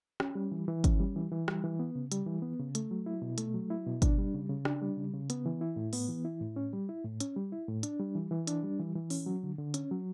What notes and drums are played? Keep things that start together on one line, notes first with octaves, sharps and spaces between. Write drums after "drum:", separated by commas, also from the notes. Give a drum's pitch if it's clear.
C#4, drum: rim click
G3
E3
E3
C#4, drum: kick, hi-hat
G3
E3
E3
G3, drum: rim click
E3
B3
C#3
G3, drum: hi-hat
E3
B3
C#3
A3, drum: hi-hat
F#3
E4
B2
A3, drum: hi-hat
F#3
E4
B2
D4, drum: kick, hi-hat
G3
C#3
C#3
D4, drum: rim click
G3
C#3
C#3
B3, drum: hi-hat
E3
E4
A2
B3, drum: open hi-hat
E3
E4
A2
C#4
G3
E4
A2
C#4, drum: hi-hat
G3
E4
A2
D4, drum: hi-hat
G3
E3
E3
D4, drum: hi-hat
G3
E3
E3
C#4, drum: open hi-hat
F#3
D3
D3
C#4, drum: hi-hat
F#3